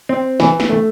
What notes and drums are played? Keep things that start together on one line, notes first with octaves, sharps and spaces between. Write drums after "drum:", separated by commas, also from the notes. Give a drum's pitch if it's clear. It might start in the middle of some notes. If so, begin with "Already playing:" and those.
C4
E3, drum: snare
drum: snare
A3